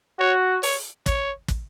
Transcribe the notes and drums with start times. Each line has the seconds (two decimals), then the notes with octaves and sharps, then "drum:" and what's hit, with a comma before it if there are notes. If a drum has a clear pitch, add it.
0.19 F#4 C#5
0.63 C#5, drum: open hi-hat
1.06 C#5, drum: kick, hi-hat
1.48 drum: kick, hi-hat